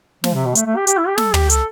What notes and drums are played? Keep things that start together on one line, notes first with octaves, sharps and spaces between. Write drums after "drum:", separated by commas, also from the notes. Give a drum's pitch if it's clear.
F3, drum: snare
C3
B2
A3, drum: hi-hat
A3
G4
G4, drum: hi-hat
E4
G4
A4, drum: snare
G4, drum: tom
A4, drum: hi-hat